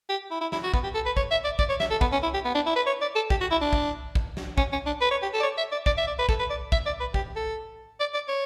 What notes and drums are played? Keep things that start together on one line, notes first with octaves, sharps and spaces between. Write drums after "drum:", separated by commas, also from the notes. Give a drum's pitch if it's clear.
G4
E4
E4
E4, drum: snare
F#4
B3, drum: kick
G4
A4
B4
C#5, drum: kick
E5
D5
D5, drum: kick
C#5
E5, drum: snare
A4
B3, drum: kick
C#4
E4
G4
B3
D4
E4
B4
C#5
D5
A4
G4, drum: kick
F#4
E4
D4
drum: kick
drum: kick
drum: snare
C#4, drum: kick
C#4
D4
B4
C#5
G4
A4
D5
C#5
E5
D5
D5, drum: kick
E5
D5
B4
A4, drum: kick
B4
D5
E5, drum: kick
D5
B4
G4, drum: kick
A4
D5
D5
C#5